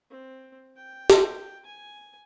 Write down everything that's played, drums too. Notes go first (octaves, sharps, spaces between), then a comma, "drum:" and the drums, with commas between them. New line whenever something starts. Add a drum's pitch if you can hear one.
C4
G5
drum: snare
G#5